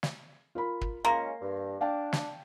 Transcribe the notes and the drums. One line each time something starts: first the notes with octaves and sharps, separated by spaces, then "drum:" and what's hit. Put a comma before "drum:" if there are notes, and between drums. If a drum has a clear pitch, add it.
drum: snare
F4 A#4 B5
drum: kick
G#3 A#3 C#4 F4 C6 A#6
G2
D4 F5 G5 A5
drum: snare